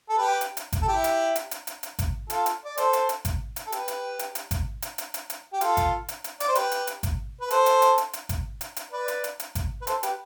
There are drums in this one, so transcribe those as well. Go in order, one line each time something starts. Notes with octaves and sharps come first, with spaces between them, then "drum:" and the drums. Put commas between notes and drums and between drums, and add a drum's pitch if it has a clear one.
A4
G4 B4
drum: hi-hat
drum: hi-hat
drum: kick G#1, hi-hat
A4
E4 G4
drum: hi-hat
drum: hi-hat
drum: hi-hat
drum: hi-hat
drum: hi-hat
drum: kick G#1, hi-hat
F4 A4, drum: hi-hat
drum: hi-hat
D5
A4 C5, drum: hi-hat
drum: hi-hat
drum: hi-hat
drum: kick G#1, hi-hat
drum: hi-hat
A4
G4 B4, drum: hi-hat
drum: hi-hat
drum: hi-hat
drum: hi-hat
drum: kick G#1, hi-hat
drum: hi-hat
drum: hi-hat
drum: hi-hat
drum: hi-hat
G4
F4 A4, drum: hi-hat
drum: kick G#1, hi-hat
drum: hi-hat
drum: hi-hat
D5, drum: hi-hat
C5
G4 B4, drum: hi-hat
drum: hi-hat
drum: hi-hat
drum: kick G#1, hi-hat
B4
A4 C5, drum: hi-hat
drum: hi-hat
drum: hi-hat
drum: hi-hat
drum: hi-hat
drum: kick G#1, hi-hat
drum: hi-hat
drum: hi-hat
B4 D5
drum: hi-hat
drum: hi-hat
drum: hi-hat
drum: kick G#1, hi-hat
B4
A4 C5, drum: hi-hat
G4 B4, drum: hi-hat